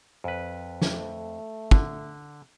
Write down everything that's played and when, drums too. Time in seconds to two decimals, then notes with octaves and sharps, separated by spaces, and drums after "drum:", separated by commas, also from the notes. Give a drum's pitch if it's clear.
0.24 F2 B4
0.82 A3, drum: snare
1.71 D3, drum: kick